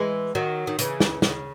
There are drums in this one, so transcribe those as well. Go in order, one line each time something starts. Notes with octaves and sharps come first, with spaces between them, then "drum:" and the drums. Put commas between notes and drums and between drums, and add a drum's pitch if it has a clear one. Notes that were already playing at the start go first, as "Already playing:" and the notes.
Already playing: E3 G#3
D#3 F#3
D#3
C#3 E3, drum: hi-hat
drum: snare
C#3, drum: snare